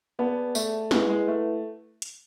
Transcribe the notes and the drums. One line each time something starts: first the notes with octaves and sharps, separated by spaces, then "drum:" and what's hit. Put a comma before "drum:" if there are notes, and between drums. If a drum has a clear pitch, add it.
B3 G#4 D5 F#5 A5
A3, drum: tambourine
G#3 E4 B4 F#5, drum: snare
G#3
A3
drum: hi-hat